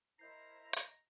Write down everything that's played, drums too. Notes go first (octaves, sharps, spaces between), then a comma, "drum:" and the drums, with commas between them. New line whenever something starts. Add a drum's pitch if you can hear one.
E4 A#4 C5 D#5 A#5 G6 C7
drum: hi-hat